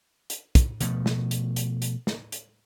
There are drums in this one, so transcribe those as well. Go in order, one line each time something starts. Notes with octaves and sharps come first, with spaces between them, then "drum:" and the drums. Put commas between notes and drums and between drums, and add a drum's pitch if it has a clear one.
drum: hi-hat
drum: kick, hi-hat
B2 F3 A3, drum: hi-hat
drum: snare
drum: hi-hat
drum: hi-hat
drum: hi-hat
drum: snare
drum: hi-hat